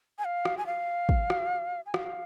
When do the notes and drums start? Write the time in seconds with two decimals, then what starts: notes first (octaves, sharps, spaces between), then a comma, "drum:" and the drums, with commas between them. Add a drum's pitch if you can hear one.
0.18 G#5
0.25 F5
0.45 drum: rim click
0.58 G#5
0.66 F5
1.09 drum: kick
1.30 drum: rim click
1.86 G#5
1.94 F5, drum: rim click